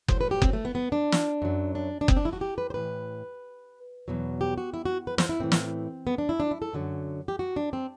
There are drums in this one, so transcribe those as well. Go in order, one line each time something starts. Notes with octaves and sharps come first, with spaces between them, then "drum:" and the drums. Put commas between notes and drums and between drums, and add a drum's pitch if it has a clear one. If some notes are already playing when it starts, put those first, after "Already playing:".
A2 F#3 C5, drum: kick F#1
B4
G4
C4, drum: kick F#1
A3
B3
B3
D4
drum: snare
F#2 F#3
D4
D4
C4, drum: kick F#1
D4
E4
F#4
G4
B4
C5
A2 E3 B4
E2 B2 F#3
G4
F#4
E4
F#4
B4
C5, drum: snare
E4
A2 E3 C4
drum: snare
B3
D4
E4
D4
E4
A4
F#2 D3 F#3
G4
F#4
D4
C4